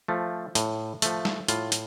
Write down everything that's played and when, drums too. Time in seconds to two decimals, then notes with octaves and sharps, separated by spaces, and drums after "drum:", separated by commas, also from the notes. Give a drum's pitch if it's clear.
0.08 F3 A3
0.55 A2, drum: hi-hat
1.02 F3 A3, drum: hi-hat
1.25 drum: snare
1.48 A2 F4, drum: hi-hat
1.72 drum: hi-hat